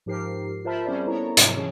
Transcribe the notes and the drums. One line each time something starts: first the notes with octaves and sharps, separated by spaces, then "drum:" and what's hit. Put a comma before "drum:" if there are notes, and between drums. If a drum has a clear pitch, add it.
G#2 F3 G4 A#4 C7
F4 A#4 C5 E5 A5 B5
G3 C4 C#4 G#4 C5 D5
B3 E4 A4 A#4 C#5 A#5
G#2 C3 F3 F#3, drum: hi-hat
E3 F3 C#4 G#4 C#5